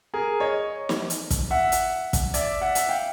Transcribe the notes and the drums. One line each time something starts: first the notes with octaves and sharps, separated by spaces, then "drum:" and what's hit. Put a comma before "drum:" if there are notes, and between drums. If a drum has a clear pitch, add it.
G#4 A#4
C#5 D#5
drum: snare
drum: hi-hat
drum: kick, hi-hat
E5 F#5
drum: hi-hat
drum: kick, hi-hat
D5 E5, drum: hi-hat
E5 F#5
drum: hi-hat
F5 G5